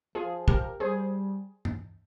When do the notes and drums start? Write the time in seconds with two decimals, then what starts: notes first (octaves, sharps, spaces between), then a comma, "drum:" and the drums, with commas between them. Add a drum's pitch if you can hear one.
0.15 F3 F4 G#4
0.48 G4 A#4, drum: kick
0.80 G3 G#4 C5
1.65 drum: tom G2